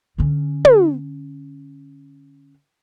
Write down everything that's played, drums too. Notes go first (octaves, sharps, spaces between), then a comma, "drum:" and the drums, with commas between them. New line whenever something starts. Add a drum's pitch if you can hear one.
D3 C#4
drum: tom